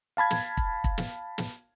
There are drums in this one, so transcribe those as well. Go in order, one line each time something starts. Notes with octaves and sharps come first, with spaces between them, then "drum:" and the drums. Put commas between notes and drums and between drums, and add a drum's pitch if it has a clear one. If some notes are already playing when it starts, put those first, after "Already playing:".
F5 A5 B5 G#6
drum: snare
drum: kick
drum: kick
drum: snare
drum: snare